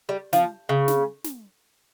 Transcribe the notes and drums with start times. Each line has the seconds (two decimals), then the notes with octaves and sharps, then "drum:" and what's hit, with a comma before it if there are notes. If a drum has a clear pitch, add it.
0.09 G3
0.33 F3, drum: snare
0.69 C#3
0.88 drum: snare
1.24 drum: snare